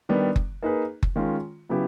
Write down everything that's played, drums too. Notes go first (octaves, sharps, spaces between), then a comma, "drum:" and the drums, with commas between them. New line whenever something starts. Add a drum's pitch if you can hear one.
D#3 G3 B3 D4
drum: kick F#1
A#3 D#4 G#4 B4
drum: kick F#1
D#3 G#3 C#4 F4
C#3 F#3 B3 E4 G4